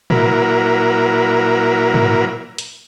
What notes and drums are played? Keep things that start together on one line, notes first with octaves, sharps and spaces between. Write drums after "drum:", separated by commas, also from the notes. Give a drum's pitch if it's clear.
A#2 F#3 A#3 E4 A#4 B4, drum: tom A2
drum: tom G#2
drum: hi-hat